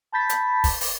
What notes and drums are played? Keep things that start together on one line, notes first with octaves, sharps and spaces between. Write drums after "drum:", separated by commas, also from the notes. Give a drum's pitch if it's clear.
A5 B5 G6 A6 B6
drum: hi-hat
drum: kick, open hi-hat
drum: open hi-hat